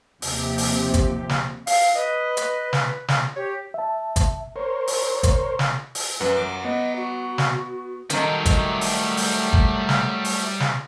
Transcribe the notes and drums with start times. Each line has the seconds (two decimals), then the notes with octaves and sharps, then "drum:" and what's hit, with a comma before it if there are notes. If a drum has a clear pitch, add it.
0.22 D#2 C3 F3 G4, drum: open hi-hat
0.58 drum: open hi-hat
0.94 drum: kick, hi-hat
1.29 drum: snare
1.67 F5, drum: open hi-hat
1.95 B4 D#5
2.37 drum: hi-hat
2.73 drum: snare
3.08 drum: snare
3.36 G4 C#5
3.74 E5 A5
4.16 drum: kick, hi-hat
4.56 A#4 C5 C#5
4.87 drum: open hi-hat
5.23 drum: kick, hi-hat
5.59 drum: snare
5.95 drum: open hi-hat
6.21 F#2 B4 F#5 A#5
6.37 D6
6.64 B3 D#5
6.96 F#4
7.38 drum: snare
8.10 D#3 F#3 G3 A3 D#4 A#4, drum: hi-hat
8.45 drum: kick, hi-hat
8.81 drum: open hi-hat
9.17 drum: open hi-hat
9.53 drum: kick
9.89 drum: snare
10.24 drum: open hi-hat
10.60 drum: snare